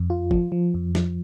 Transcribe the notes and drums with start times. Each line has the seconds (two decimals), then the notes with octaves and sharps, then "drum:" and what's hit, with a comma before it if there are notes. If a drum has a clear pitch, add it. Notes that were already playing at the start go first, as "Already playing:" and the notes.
Already playing: F2
0.10 F4
0.31 F3, drum: kick
0.52 F3
0.74 F2
0.95 F3, drum: snare